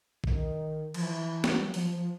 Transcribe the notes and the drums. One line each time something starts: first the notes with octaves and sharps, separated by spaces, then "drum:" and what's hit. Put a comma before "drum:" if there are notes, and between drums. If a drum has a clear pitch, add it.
D3, drum: kick
D#3
F3, drum: cymbal
E3
drum: snare
G3
F#3
F3, drum: open hi-hat
F3